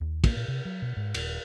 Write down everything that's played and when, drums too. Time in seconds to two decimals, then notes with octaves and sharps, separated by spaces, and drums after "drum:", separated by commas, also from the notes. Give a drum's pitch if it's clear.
0.01 D#2
0.24 A#3, drum: kick, cymbal
0.36 A#2
0.48 C3
0.65 F#3
0.82 B2
0.97 G#2
1.14 D#1, drum: cymbal